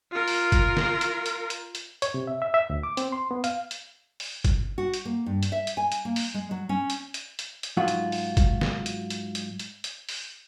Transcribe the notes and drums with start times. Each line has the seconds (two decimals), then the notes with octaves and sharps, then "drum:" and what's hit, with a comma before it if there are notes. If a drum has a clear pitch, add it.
0.11 F4 A#4
0.28 drum: open hi-hat
0.52 drum: kick G1, hi-hat
0.77 drum: snare
1.01 drum: hi-hat
1.26 drum: hi-hat
1.50 drum: hi-hat
1.75 drum: hi-hat
2.02 C#5, drum: hi-hat
2.14 C3
2.27 E5
2.42 E5
2.54 E5
2.70 D2
2.83 D6
2.97 C4, drum: hi-hat
3.12 C6
3.31 B3
3.44 F5, drum: hi-hat
3.71 drum: hi-hat
4.20 drum: open hi-hat
4.44 drum: kick G1, hi-hat
4.78 F#4
4.94 drum: hi-hat
5.05 A#3
5.26 G2
5.43 drum: hi-hat
5.52 E5
5.67 drum: hi-hat
5.77 G#5
5.92 drum: hi-hat
6.05 A#3
6.16 drum: open hi-hat
6.34 G#3
6.51 F#3
6.69 C#4
6.90 drum: hi-hat
7.14 drum: hi-hat
7.39 drum: hi-hat
7.63 drum: hi-hat
7.77 G#2 F#3 F4 F#4
7.88 drum: hi-hat
8.12 drum: open hi-hat
8.37 drum: kick G1, hi-hat
8.61 drum: snare
8.86 drum: hi-hat
9.10 drum: hi-hat
9.35 drum: hi-hat
9.59 drum: hi-hat
9.84 drum: hi-hat
10.09 drum: open hi-hat